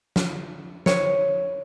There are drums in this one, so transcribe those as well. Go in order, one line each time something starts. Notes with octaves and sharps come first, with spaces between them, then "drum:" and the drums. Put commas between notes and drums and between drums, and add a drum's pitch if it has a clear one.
drum: snare
C#5, drum: snare